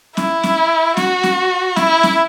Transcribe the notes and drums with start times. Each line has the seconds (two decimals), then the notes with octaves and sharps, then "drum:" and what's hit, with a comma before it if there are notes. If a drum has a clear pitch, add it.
0.17 E4, drum: snare C#4
0.43 drum: snare C#4
0.97 F#4, drum: snare C#4
1.23 drum: snare C#4
1.76 E4, drum: snare C#4
2.03 drum: snare C#4